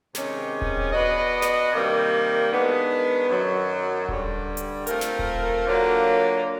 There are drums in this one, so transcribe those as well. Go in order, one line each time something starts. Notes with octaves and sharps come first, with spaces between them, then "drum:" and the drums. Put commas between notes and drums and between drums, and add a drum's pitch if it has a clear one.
C3 D#3 G#3 C#4, drum: snare
drum: kick D#1
B3 D4 F#4 B4 D#5
drum: snare
C3 D#3 G3 A#3
D#3 G#3 B3 D4
F#2 D#3 F#3
G2 D3 G3, drum: kick D#1
drum: hi-hat
A3 C4 F4 A#4, drum: hi-hat
drum: snare
drum: kick D#1
D3 F#3 A#3 D4 F4